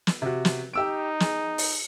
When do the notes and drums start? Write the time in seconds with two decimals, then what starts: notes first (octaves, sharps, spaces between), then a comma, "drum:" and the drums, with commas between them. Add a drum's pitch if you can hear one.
0.07 drum: snare
0.22 C3 F#4
0.45 drum: snare
0.73 D#4 G4 E6 D7
1.20 G#4, drum: snare
1.58 drum: open hi-hat